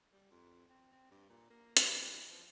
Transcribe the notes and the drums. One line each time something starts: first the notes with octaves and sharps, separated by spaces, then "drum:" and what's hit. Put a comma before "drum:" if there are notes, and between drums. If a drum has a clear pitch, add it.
G3
F2
C4
C4
G2
A#2
A#3
drum: hi-hat
E3
F3